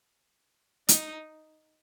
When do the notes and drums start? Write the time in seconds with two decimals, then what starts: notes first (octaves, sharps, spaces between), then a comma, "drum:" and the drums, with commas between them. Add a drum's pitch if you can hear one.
0.89 D#4, drum: hi-hat